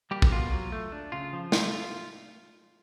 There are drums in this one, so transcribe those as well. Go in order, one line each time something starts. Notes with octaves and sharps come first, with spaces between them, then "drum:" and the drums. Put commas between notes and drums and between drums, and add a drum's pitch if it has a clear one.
G3 A#3 G4
drum: kick
B2 F4
F#3
A3
D4
C#3 F4
F3
A3 F4, drum: snare